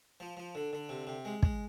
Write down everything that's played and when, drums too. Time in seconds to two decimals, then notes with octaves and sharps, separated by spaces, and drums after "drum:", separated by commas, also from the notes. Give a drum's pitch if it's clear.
0.20 F3
0.37 F3
0.55 D3
0.73 D3
0.89 C3
1.07 C3
1.25 G#3
1.43 G#3, drum: kick